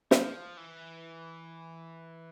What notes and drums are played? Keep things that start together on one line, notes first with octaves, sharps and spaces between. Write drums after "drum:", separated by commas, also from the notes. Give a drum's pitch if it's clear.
F3, drum: snare
E3